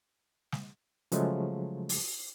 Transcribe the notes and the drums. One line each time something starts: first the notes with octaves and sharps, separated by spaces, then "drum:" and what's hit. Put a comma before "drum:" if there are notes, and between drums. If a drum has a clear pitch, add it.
drum: snare
C#3 F3 F#3 G#3 A3, drum: hi-hat
drum: open hi-hat